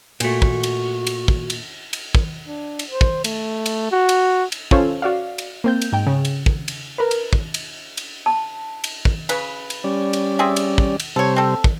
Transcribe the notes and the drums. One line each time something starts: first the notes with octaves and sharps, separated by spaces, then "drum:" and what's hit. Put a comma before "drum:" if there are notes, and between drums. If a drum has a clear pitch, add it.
A#2 A3 F#4, drum: cymbal
drum: kick
drum: cymbal
drum: cymbal
drum: kick
drum: cymbal
drum: cymbal
drum: kick
D4
drum: cymbal
C5
drum: kick
A3, drum: cymbal
drum: cymbal
F#4
drum: cymbal
drum: cymbal
C#4 F4 A4 C5 C#5 F5, drum: kick
F#4 D5 F5
drum: cymbal
A#3 C4 G6
drum: cymbal
G#2 G5
C#3
drum: cymbal
drum: kick
drum: cymbal
A#4 B4
drum: cymbal
drum: kick
drum: cymbal
drum: cymbal
A5
drum: cymbal
drum: kick
C#3 B4, drum: cymbal
drum: cymbal
G3 C#4 D5
drum: cymbal
C4 G#4 E5
drum: cymbal
drum: kick
drum: cymbal
C3 G3 A4 C5 C#5
C4 A4
drum: kick